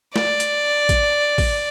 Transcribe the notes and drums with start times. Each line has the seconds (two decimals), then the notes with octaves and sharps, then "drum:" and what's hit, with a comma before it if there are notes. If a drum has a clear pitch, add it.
0.16 D5, drum: snare A3
0.40 drum: hi-hat
0.89 drum: kick A1, hi-hat
1.38 drum: kick A1, open hi-hat